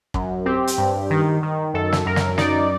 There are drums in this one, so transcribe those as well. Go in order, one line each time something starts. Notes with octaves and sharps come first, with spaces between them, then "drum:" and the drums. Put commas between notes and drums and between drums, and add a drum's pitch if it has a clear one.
F#2, drum: kick
C4 G4
drum: hi-hat
G2
D#3
D#3
F#2 A4
drum: snare
F#2 A#4
drum: snare
D#4 D5, drum: snare